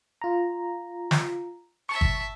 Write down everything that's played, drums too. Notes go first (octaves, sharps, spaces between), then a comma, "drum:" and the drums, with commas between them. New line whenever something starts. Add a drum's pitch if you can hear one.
F4 A#5
drum: snare
E5 A5 C#6
drum: kick G1